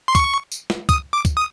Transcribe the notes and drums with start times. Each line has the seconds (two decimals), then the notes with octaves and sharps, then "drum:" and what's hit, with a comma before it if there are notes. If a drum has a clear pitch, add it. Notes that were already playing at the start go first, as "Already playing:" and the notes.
0.08 C6
0.15 C#6, drum: kick, tambourine
0.52 drum: tambourine
0.70 drum: snare
0.89 D#6, drum: kick, tambourine
1.13 D6
1.25 drum: kick, tambourine
1.37 D#6